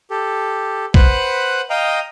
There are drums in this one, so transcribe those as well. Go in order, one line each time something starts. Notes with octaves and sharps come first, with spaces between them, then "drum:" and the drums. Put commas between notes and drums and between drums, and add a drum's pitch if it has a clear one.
G4 A4
B4 C5 F#5 B5 F#6, drum: kick
D#5 F5 G5 A#5 D#6